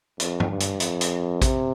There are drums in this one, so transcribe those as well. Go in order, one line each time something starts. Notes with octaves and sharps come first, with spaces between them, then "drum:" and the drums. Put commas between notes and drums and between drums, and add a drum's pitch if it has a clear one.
F2, drum: hi-hat
drum: tom
G2
drum: hi-hat
F2, drum: hi-hat
drum: hi-hat
C3, drum: kick A1, hi-hat